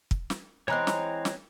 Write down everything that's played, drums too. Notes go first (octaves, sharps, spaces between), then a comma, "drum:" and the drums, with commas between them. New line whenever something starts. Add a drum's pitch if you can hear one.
drum: kick
drum: snare
E3 G#3 C4 C#5 A#5 F#6
drum: snare
drum: snare